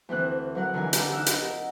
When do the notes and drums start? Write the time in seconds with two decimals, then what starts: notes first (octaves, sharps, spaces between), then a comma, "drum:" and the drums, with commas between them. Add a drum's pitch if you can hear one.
0.09 D2 E3 C4 F#6
0.55 F#3 A#4 F#5
0.74 D3 E3 D#4 A#4 G#5
0.93 D4 A#5 F6, drum: hi-hat
1.12 D#4 F#5 E6
1.26 drum: hi-hat
1.43 A#4